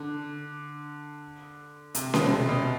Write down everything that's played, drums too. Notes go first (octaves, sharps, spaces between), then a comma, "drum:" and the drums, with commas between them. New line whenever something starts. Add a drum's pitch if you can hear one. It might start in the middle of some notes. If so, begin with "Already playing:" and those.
Already playing: D3
C3, drum: hi-hat
B2, drum: snare C#4
C3
B2